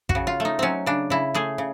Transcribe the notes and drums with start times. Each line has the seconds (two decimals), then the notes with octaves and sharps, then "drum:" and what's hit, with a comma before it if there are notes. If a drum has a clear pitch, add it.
0.09 F#4, drum: kick
0.15 C#3
0.27 F4
0.40 A3
0.45 D#4
0.59 F#3 C4 C#4
0.86 C#3 D4
1.10 C#3 E4
1.34 A3 G#4
1.58 C#3